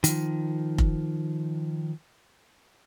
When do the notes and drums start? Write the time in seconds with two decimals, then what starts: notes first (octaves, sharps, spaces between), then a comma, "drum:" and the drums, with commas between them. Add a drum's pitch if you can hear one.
0.04 D#3 F3, drum: hi-hat
0.78 drum: kick F1